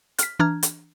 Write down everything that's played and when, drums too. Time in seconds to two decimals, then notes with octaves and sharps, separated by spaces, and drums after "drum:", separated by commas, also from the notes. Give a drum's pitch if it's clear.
0.18 F6 B6, drum: hi-hat
0.39 E3 D4 A#5 F6 G#6
0.63 drum: hi-hat